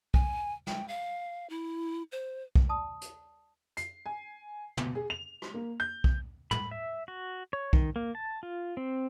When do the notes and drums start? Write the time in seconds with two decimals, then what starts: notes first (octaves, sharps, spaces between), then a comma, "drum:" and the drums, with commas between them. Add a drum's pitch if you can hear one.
0.14 G#5, drum: kick B1
0.67 G5, drum: snare
0.88 F5
1.50 E4
2.12 C5
2.55 drum: kick B1
2.69 D5 A5 D#6
3.01 drum: hi-hat
3.77 C7, drum: hi-hat
4.06 G#5
4.77 B2, drum: tom
4.95 G#4
5.10 F7
5.42 drum: rim click
5.54 A#3
5.80 G6
6.04 drum: kick B1
6.51 B5, drum: tom
6.71 E5
7.08 F#4
7.53 C#5
7.73 D#3, drum: kick B1
7.96 A#3
8.15 A5
8.43 F4
8.77 C4